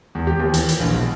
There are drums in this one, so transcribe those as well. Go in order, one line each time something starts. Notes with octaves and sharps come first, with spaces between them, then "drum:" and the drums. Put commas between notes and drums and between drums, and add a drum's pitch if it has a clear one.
E2
G4
D#2
E3, drum: hi-hat
drum: hi-hat
A#1
B2